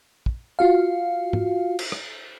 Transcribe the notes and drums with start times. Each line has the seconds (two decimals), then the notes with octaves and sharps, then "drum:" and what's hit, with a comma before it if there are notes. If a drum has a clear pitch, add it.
0.26 drum: kick
0.59 F4 F#4 F5
1.33 drum: tom
1.79 drum: cymbal
1.92 drum: rim click